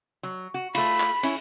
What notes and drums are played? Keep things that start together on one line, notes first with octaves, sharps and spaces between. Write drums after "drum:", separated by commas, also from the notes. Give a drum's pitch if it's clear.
F#3
F#4
A3 F4 B5, drum: cymbal
drum: clap
C#4 E4, drum: cymbal